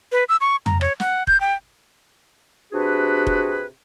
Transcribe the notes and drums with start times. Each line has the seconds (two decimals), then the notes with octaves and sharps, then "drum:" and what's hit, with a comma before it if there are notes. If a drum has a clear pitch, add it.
0.12 B4
0.29 E6
0.41 C#6
0.66 A#5, drum: tom
0.81 C#5, drum: rim click
1.00 F#5, drum: snare
1.27 G6, drum: kick F1
1.40 G5
2.72 C3 D4 F#4 G#4 B4
3.27 drum: kick F1